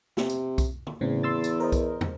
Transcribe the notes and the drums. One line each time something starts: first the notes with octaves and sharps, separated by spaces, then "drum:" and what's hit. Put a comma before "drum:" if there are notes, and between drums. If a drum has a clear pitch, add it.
C3, drum: snare
drum: tambourine
drum: kick B1, tambourine
drum: tom D3
E2 A2 C#3 C4
C6 E6 A6
drum: tambourine
A#4 C5 D#5
drum: kick B1, tambourine
drum: tom